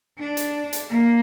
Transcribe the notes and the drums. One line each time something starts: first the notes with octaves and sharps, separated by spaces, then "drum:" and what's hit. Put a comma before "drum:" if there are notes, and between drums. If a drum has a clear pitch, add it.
D4
drum: hi-hat
drum: hi-hat
A#3